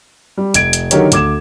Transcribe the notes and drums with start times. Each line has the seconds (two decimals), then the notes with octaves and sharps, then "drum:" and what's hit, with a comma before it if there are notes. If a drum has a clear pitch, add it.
0.37 G3
0.54 F1 G#6 D7, drum: hi-hat
0.73 drum: hi-hat
0.91 D3 D#3 F#3 G4 A#4 C#5, drum: hi-hat
1.12 D2 D6 G#6 E7, drum: hi-hat